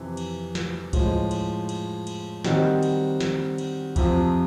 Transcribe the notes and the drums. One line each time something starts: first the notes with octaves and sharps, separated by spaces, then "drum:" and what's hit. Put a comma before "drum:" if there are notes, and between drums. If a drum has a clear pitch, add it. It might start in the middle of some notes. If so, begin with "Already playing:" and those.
Already playing: F2 C3 E3
drum: cymbal
drum: snare
A2 F3 G#3, drum: kick C#2, cymbal
drum: cymbal
drum: cymbal
drum: cymbal
D#3 G3 C4 D#4 F#4, drum: snare
drum: cymbal
drum: snare
drum: cymbal
F2 C3 F3, drum: kick C#2, cymbal